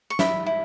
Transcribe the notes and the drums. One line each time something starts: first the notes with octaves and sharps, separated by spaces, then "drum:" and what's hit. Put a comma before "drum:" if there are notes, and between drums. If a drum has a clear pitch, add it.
C#6
E4 B5, drum: snare
E4